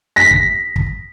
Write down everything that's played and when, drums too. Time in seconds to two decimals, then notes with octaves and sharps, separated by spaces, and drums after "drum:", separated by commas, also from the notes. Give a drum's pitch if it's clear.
0.16 A#6 B6
0.31 drum: kick
0.76 drum: kick